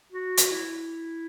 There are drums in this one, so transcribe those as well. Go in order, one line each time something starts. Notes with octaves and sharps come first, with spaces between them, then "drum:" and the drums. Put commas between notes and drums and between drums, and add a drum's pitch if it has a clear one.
F#4
drum: hi-hat
E4